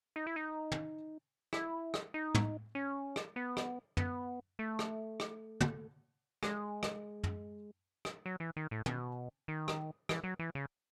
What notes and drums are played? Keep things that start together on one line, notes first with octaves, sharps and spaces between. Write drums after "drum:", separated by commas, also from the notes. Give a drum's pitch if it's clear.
D#4
E4
D#4
drum: tom
E4, drum: rim click
drum: rim click
D#4
drum: tom
C#4
drum: rim click
B3
drum: rim click
B3, drum: tom
A3
drum: rim click
drum: rim click
drum: tom
G#3, drum: rim click
drum: rim click
drum: tom
drum: rim click
F#3
E3
D#3
A2
B2, drum: tom
D#3
drum: rim click
E3, drum: rim click
F#3
E3
C#3